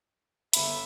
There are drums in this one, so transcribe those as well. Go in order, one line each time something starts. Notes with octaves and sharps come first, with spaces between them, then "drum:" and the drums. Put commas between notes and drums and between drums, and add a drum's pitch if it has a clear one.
G1 E5 B5, drum: hi-hat